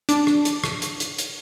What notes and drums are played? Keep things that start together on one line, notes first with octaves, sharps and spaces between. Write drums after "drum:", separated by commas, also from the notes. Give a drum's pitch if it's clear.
D4, drum: hi-hat
drum: rim click
drum: hi-hat
drum: rim click
drum: hi-hat
drum: hi-hat
drum: hi-hat